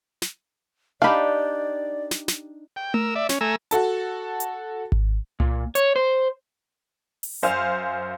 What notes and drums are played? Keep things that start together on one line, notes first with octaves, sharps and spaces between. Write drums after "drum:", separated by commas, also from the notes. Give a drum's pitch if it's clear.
drum: snare
D4 D#4 G4 D5 F5 B5
drum: snare
drum: snare
G5
A#4 E6, drum: tom A3
D5 E5
C#4, drum: snare
A3 G#5 A#5 E6
F#4 A4 A5, drum: hi-hat
drum: hi-hat
drum: kick G#1
A#2, drum: tom C2
C#5, drum: hi-hat
C5
drum: open hi-hat
F#2 C5 F5 G#5 F6